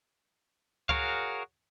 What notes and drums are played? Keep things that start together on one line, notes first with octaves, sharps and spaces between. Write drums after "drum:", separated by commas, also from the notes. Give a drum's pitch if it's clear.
F#4 G#4 A#4 C#5 F5, drum: kick C#2